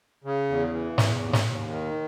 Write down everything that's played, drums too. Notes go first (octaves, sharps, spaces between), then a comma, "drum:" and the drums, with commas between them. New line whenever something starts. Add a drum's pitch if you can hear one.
C#3
E2
E3
E2, drum: snare
D#2
drum: snare
D#2
D#3